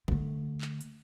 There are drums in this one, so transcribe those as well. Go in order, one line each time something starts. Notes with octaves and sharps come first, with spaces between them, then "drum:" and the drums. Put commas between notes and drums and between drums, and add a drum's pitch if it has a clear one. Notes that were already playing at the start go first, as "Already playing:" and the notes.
D3 A3, drum: kick A1
drum: clap
drum: hi-hat